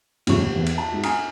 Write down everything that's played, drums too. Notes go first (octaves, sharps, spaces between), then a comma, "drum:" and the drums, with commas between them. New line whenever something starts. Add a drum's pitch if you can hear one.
D#1 F2 A2 C#3 C#5 C#6, drum: cymbal
D#2
E2
drum: cymbal
A5
G#2 F#4
G#5 A#5 D#6 F6, drum: cymbal